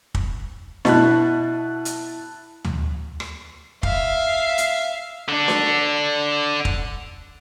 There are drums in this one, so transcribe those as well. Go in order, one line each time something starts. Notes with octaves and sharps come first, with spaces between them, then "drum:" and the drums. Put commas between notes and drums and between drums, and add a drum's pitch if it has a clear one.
drum: kick
B2 E4 A5 F#6, drum: snare D4
drum: hi-hat
drum: tom D2
drum: rim click
E5 F5, drum: kick
drum: hi-hat
D3 D4
drum: snare D4
drum: kick